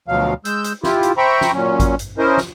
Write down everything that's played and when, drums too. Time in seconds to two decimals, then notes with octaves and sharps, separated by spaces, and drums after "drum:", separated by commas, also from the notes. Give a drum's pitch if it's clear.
0.08 D2 B2 F3 F#3 F5
0.45 G#3 E6 G6, drum: hi-hat
0.64 drum: hi-hat
0.83 E4 F4 G4, drum: snare
1.03 drum: hi-hat
1.18 C5 E5 G5 A#5 B5 C#6
1.41 drum: snare
1.53 A#2 F#3 C#4
1.80 drum: kick G#1, hi-hat
1.99 drum: hi-hat
2.18 C#4 E4 A#4 C5 D#5
2.37 drum: snare